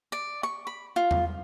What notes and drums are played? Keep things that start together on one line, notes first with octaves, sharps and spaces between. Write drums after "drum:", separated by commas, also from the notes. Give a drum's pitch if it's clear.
D5
C#6
B5
F4
drum: tom E2